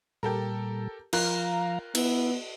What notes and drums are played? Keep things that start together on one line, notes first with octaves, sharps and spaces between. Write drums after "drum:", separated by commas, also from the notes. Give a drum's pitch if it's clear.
A#2 G3 G4 A4 A#4
F3 F4 A#4 F5 A#5 F#6, drum: cymbal
B3 E4, drum: cymbal